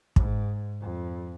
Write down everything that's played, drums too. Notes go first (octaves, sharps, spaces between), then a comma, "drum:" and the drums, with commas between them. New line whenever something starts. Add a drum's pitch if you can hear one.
G#2, drum: kick
F2